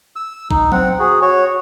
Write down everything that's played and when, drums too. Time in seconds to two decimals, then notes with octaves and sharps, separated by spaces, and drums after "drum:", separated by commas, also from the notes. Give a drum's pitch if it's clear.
0.16 E6
0.51 D#4, drum: kick
0.72 C4 F#5, drum: tom F#3
0.99 F#4 G#4
1.22 F#4 C#5